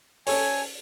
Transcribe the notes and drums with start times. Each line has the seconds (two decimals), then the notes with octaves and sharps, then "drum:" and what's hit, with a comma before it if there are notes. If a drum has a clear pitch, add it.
0.27 C#4 A4 C#5 G#5, drum: open hi-hat